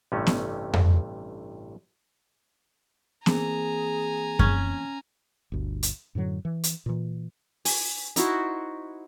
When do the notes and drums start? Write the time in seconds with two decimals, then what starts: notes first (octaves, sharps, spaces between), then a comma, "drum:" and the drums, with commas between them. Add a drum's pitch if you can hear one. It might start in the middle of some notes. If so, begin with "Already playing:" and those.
0.12 A1 G2 C3 A3 C#4
0.27 drum: snare B3
0.73 drum: tom F2
3.26 E3 A#3 C4 G#4 G#5 A#5, drum: snare B3
4.39 C#4, drum: kick F#2
5.52 G1 D2
5.83 drum: hi-hat
6.15 F#2 A2 D3 F#3
6.45 E3
6.64 drum: hi-hat
6.86 A#2 E3
7.65 G#5, drum: open hi-hat
8.16 D#4 E4 F#4 C5, drum: hi-hat